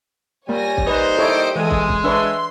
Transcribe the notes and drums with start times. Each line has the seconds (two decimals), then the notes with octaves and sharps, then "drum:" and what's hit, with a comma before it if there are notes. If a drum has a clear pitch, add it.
0.49 G3 A#3 C#5 G#5 A#6
0.77 drum: kick
0.87 A#3 D#4 B4 C5
1.18 E4 G4 A4 C#5 D#5 D7
1.56 E3 G#3 A4 G#5 D#6
1.71 drum: kick
1.89 drum: kick
2.04 D4 B4 C#5 E5 C6